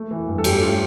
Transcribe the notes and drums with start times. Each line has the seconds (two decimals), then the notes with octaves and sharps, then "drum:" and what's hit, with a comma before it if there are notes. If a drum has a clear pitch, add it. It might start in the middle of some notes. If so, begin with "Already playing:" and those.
Already playing: A3
0.11 E3
0.28 G2
0.38 A4
0.44 G2 G4, drum: cymbal
0.62 A3 F4